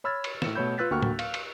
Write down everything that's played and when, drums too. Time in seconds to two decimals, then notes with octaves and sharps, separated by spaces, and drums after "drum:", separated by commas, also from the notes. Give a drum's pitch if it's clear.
0.04 C#5 B5 E6 F6 G#6 A6
0.24 drum: cymbal
0.42 A2 C#7 E7, drum: snare
0.56 B2 A3 C#5 B5 G6
0.78 F4 B4 E6 F#6 A6 B6
0.91 D2 A#3 F#4 G5 C#6 F6
1.03 drum: tom
1.19 F5, drum: cymbal
1.34 drum: cymbal